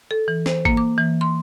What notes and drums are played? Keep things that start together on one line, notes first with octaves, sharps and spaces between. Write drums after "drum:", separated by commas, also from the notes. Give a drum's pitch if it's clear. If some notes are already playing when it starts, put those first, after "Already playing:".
A4
E3
C5, drum: snare
A#3, drum: kick G#1
D6
E3
C6